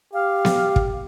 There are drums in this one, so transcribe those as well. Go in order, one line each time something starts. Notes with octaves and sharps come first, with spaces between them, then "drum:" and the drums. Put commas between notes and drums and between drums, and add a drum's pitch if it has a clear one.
G4 F5
drum: snare B3
drum: kick